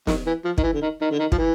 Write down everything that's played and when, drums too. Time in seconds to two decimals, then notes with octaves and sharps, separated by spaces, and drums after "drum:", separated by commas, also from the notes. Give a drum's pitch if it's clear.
0.07 D#3, drum: snare
0.26 E3
0.45 F3
0.58 D#3, drum: kick
0.63 E3
0.73 D3
0.82 D#3
1.01 D#3
1.11 D3
1.19 D#3
1.32 F3, drum: kick
1.38 E3